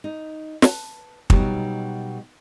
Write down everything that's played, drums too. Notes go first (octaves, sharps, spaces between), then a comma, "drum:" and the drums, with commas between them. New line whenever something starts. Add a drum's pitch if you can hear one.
D#4
B4 A5, drum: snare
B2 F#3 G3 B3 D#4, drum: kick